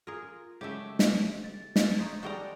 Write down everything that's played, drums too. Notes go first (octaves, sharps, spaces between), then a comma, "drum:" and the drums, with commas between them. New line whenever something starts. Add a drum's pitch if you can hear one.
F4 G#4 A#4
C#3 F#3 G#3 A3 G4 E5
drum: snare
A6
drum: snare
D#4 C5 C#5
G3 G#3 F#4 A4 G5 A#5